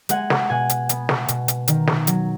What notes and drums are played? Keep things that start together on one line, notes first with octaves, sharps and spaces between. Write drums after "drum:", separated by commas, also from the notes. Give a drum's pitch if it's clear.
G#3 F#5 G#5, drum: hi-hat
drum: snare
B2 F#5 G#5
drum: hi-hat
B3, drum: hi-hat
drum: snare
B2, drum: hi-hat
drum: hi-hat
D#3, drum: hi-hat
drum: snare
F#3, drum: hi-hat